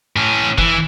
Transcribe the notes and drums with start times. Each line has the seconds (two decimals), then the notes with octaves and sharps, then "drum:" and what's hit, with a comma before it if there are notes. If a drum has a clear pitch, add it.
0.16 A2 C#4
0.58 E3, drum: kick F#1